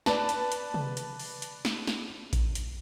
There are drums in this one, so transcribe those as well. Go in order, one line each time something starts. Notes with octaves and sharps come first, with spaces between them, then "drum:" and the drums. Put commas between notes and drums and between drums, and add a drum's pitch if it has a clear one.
B4 D5 A5, drum: snare
drum: hi-hat
drum: hi-hat
drum: tom C3
drum: hi-hat
drum: open hi-hat
drum: hi-hat
drum: snare
drum: snare
drum: kick A1, hi-hat
drum: hi-hat